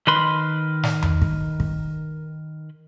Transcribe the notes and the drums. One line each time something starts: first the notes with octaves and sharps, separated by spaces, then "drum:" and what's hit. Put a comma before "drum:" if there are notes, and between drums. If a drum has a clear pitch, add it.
D#3 A#4 B4 B5 C6
drum: snare
drum: tom E2
drum: kick
drum: kick